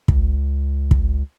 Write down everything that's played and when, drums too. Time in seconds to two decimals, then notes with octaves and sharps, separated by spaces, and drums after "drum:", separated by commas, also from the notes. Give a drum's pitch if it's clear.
0.08 C#2, drum: kick
0.91 drum: kick